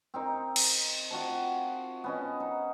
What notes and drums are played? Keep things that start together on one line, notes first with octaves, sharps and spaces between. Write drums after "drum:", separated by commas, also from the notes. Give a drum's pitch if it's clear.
C4 D#4 A#4
drum: cymbal
F4 F#4 G5 A5
B3 C#4 D#5
D#4